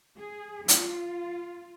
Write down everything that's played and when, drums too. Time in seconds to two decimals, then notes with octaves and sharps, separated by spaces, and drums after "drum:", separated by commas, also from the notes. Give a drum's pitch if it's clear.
0.16 G#4
0.68 F4, drum: hi-hat